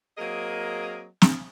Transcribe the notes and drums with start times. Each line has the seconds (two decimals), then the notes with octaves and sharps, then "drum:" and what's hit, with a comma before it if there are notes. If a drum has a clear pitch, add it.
0.18 F#3 A#3 C4 G#4 A#4 D#5
1.22 drum: snare